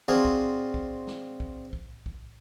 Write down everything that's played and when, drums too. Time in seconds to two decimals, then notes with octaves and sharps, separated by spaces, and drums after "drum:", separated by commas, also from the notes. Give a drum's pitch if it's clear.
0.08 C4 D4 F4 F#4 G#4
0.25 drum: kick B1
0.74 drum: kick B1
1.07 drum: snare
1.40 drum: kick B1
1.73 drum: kick B1
2.06 drum: kick B1